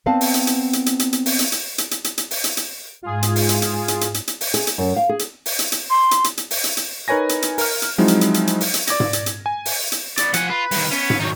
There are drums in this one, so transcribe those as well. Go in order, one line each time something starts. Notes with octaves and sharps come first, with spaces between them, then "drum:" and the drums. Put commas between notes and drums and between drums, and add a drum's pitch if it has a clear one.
B3 C4 D5 F5 A5
drum: open hi-hat
drum: hi-hat
drum: hi-hat
drum: hi-hat
drum: hi-hat
drum: hi-hat
drum: hi-hat
drum: open hi-hat
drum: hi-hat
drum: hi-hat
drum: hi-hat
drum: hi-hat
drum: hi-hat
drum: hi-hat
drum: open hi-hat
drum: hi-hat
drum: hi-hat
G#2 F4 G#4
drum: hi-hat
drum: open hi-hat
drum: hi-hat
drum: hi-hat
drum: hi-hat
drum: hi-hat
drum: hi-hat
drum: hi-hat
drum: open hi-hat
G#4, drum: hi-hat
drum: hi-hat
F#2
F5
G#4
drum: hi-hat
drum: open hi-hat
drum: hi-hat
drum: hi-hat
C6
drum: hi-hat
drum: hi-hat
drum: hi-hat
drum: open hi-hat
drum: hi-hat
drum: hi-hat
D#4 A#4 B4 C#5 G#5 A#6
drum: hi-hat
drum: hi-hat
A#4 F6, drum: open hi-hat
drum: hi-hat
F3 F#3 G#3 C4 D#4 E4
drum: hi-hat
drum: hi-hat
drum: hi-hat
drum: hi-hat
drum: open hi-hat
drum: hi-hat
D5 D6 G#6 A#6, drum: hi-hat
drum: tom G#2
drum: hi-hat
drum: hi-hat
G#5
drum: open hi-hat
drum: hi-hat
B3 D5, drum: hi-hat
F3 F#5 G#5, drum: hi-hat
F4 B4
G2 D#3, drum: open hi-hat
B3 C#4
drum: tom G#2
D#3 F#3 D#4 C#5